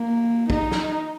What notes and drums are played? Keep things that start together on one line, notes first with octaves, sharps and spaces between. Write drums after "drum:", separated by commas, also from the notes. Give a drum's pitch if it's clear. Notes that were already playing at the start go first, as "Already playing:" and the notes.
Already playing: A#3
D#4, drum: kick
drum: snare